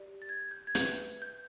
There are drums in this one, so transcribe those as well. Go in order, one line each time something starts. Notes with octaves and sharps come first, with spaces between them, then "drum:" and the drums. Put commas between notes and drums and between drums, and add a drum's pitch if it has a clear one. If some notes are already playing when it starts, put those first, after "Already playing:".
Already playing: G4 A#4 D5
A6
G#6
G6
G#6
B4 E5 G5 G6, drum: hi-hat
G6